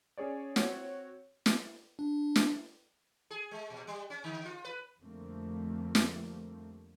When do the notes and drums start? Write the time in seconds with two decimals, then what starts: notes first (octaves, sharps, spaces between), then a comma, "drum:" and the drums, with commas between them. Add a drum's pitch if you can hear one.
0.17 C#4 G#4 C#5 D5
0.56 C4 F#4 C#5 F#5, drum: snare
1.46 drum: snare
1.99 D4
2.36 drum: snare
3.30 G#4
3.51 G#3
3.70 A#2
3.87 G3
4.10 C#4
4.24 D3
4.45 F4
4.64 B4
4.99 F2 D3 G3 A3 A#3 C4
5.95 drum: snare